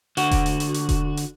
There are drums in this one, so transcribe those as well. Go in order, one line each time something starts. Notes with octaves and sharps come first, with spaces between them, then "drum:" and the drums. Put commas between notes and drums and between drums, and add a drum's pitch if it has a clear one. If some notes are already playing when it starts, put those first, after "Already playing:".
D3 F#4, drum: hi-hat
drum: kick E1, hi-hat
drum: hi-hat
drum: hi-hat
drum: hi-hat
drum: kick E1, hi-hat
drum: hi-hat